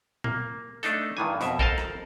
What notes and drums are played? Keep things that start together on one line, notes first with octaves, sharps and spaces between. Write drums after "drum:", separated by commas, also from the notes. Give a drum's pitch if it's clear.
A#3, drum: tom A#2
A3 D4 D#4 A4, drum: hi-hat
G2 D#3 E3 G#5
F2 B2 E5, drum: hi-hat
A4 A#4 C5 D#5 F5 A5, drum: kick
drum: rim click